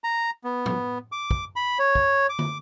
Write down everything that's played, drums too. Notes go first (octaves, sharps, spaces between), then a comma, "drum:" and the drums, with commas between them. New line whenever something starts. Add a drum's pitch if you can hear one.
A#5
B3
drum: tom
D6
drum: kick
B5
C#5
drum: kick
D6
drum: tom